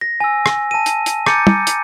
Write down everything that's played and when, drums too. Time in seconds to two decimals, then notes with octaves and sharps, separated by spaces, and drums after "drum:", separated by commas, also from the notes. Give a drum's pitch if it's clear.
0.01 A#6
0.20 G#5 E6
0.46 drum: rim click
0.71 A5 D#7
0.86 drum: hi-hat
1.06 drum: hi-hat
1.26 A#5 D6 G6 A6 C#7 D#7, drum: rim click
1.47 drum: tom
1.67 drum: hi-hat